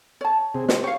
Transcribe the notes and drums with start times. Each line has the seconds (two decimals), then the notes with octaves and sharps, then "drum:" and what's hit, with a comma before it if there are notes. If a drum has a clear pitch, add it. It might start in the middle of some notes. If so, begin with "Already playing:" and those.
0.21 C#5 A5
0.55 C3 C4 G#4
0.69 G4 C5, drum: snare
0.84 G4 C#5 F5 C#6